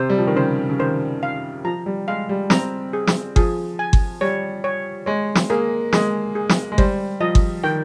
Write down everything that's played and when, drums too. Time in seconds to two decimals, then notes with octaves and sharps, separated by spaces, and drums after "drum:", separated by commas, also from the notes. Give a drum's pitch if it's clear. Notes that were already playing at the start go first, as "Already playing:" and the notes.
Already playing: C3 C5
0.10 G3
0.18 F3
0.27 D#3
0.36 C#3 C5
0.70 C#3
0.79 D#3 C5
1.23 F5
1.64 F3 A#5
1.86 G3
2.08 G#3 F5
2.29 G3
2.50 C4 A#5, drum: snare
2.93 G#4
3.07 drum: snare
3.36 F3 G#4, drum: kick G1
3.79 G#5
3.93 drum: kick G1
4.21 G3 C#5
4.64 C#5
5.06 G#3 C#5
5.35 drum: snare
5.50 A#3 G#4
5.93 G#3 G#4, drum: snare
6.35 G#4
6.49 drum: snare
6.72 G#3
6.78 G3 C5, drum: kick G1
7.20 F3 D#5
7.35 drum: kick G1
7.64 D#3 G5